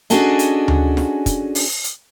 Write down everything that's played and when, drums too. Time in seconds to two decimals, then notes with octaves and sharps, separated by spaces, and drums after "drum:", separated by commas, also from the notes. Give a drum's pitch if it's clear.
0.10 C#4 D4 F#4 G#4 A4 D#5, drum: hi-hat
0.39 drum: hi-hat
0.68 drum: tom D2
0.97 drum: snare
1.26 drum: kick, hi-hat
1.55 drum: open hi-hat
1.84 drum: hi-hat